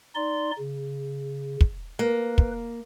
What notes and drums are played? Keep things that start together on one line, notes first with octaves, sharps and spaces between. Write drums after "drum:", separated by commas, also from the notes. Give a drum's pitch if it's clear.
D#4 D5 C6
C#3
drum: kick
A#3 B4
drum: kick